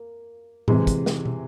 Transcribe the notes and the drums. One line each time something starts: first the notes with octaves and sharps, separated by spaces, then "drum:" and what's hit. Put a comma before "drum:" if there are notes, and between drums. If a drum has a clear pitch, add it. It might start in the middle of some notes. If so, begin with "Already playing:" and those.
Already playing: A#3
C3 E3 G#3, drum: tom A2
drum: kick, hi-hat
drum: snare
drum: tom